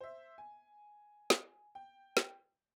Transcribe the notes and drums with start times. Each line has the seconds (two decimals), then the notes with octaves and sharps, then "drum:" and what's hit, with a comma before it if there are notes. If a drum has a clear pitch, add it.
0.01 C5 E5
0.38 G#5
1.30 drum: snare
1.75 G5
2.17 drum: snare